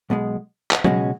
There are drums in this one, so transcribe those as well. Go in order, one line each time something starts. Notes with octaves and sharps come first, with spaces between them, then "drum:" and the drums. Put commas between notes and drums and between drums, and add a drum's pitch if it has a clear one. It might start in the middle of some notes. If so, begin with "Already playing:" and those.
B1 B2 G#3
drum: clap
C#2 B2 G#3 C#4 F#4, drum: tom F#3